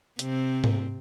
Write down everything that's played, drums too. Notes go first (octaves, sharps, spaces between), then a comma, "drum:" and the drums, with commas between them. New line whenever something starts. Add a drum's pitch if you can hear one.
C3 C4, drum: hi-hat
drum: tom G#2